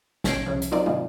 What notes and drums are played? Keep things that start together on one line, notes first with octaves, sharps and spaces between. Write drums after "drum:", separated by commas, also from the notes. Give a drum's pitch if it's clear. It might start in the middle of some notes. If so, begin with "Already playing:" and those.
A#1 B2 C#4 G#6 C7 D7, drum: snare
C2 C#3 F3
drum: hi-hat
F#3 C4 D#4 F4 A#4 D5
G#2 C3 D#3 G#3 D#4 F4